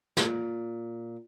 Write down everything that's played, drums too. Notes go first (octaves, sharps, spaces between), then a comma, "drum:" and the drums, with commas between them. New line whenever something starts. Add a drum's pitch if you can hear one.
A#2, drum: snare